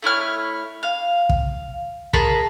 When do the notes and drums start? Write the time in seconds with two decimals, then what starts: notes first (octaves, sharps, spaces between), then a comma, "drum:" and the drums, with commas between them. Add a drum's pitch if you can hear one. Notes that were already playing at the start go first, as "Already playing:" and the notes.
0.03 A3 E4 C#5 F6
0.83 F5
1.29 drum: kick
2.13 G#4 A#4 A5 B5, drum: kick